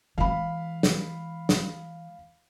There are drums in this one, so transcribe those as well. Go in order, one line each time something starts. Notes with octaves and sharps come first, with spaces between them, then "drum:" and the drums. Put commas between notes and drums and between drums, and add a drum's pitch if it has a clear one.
E3 G#3 F5 B5
drum: snare
drum: snare